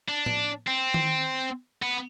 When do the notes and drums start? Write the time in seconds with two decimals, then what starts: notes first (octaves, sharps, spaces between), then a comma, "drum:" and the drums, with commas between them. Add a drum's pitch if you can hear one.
0.09 D4
0.26 drum: tom A2
0.68 C4
0.94 drum: tom D#3
1.83 B3